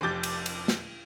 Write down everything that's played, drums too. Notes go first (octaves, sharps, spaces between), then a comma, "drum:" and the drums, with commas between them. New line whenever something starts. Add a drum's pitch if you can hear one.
F1 F2 G4 D6 G6 A6
drum: cymbal
drum: cymbal
drum: snare